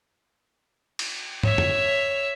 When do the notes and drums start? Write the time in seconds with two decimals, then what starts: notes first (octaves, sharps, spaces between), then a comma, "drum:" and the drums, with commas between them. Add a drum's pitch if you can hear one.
0.99 drum: cymbal
1.43 C#5 E5, drum: tom
1.58 drum: tom F2